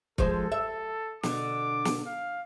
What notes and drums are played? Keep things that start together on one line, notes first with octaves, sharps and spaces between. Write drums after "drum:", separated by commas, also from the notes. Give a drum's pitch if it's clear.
F3 G#3 A4 C5, drum: kick
E5
B2 D3 D6, drum: snare
drum: snare
F5